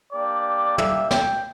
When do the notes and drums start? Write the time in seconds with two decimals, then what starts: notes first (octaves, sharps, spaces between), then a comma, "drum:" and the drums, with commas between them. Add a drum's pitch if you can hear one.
0.13 A#3 D4 G4 D5
0.78 E5, drum: tom
1.11 G5, drum: snare